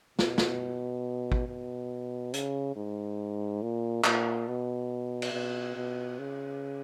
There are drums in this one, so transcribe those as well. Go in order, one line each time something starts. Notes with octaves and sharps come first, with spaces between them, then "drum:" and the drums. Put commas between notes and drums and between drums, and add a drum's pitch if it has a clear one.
B2, drum: snare
drum: snare
drum: kick
B2
C#3, drum: hi-hat
G#2
A#2
A#2, drum: clap
B2
drum: cymbal
B2
B2
C#3